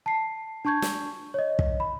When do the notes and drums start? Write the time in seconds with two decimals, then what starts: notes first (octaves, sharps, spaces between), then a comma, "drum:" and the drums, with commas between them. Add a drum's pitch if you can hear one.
0.06 A5 C7
0.65 D4 A5 C#6 G6 G#6
0.82 drum: snare
1.34 C#5 D#5
1.59 drum: kick
1.80 B5